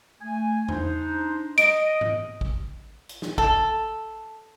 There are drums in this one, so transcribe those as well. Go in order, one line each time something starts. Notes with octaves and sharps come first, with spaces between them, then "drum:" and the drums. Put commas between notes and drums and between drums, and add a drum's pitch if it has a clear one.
A3 G#5
D4 D#4 C5, drum: tom E2
D#5 D7, drum: hi-hat
drum: tom G#2
drum: kick
drum: hi-hat
drum: snare
A4, drum: kick